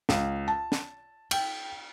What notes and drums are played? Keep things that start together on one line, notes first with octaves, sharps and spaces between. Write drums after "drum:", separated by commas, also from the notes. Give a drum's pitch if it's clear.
C#2, drum: snare
A5
drum: snare
G5, drum: cymbal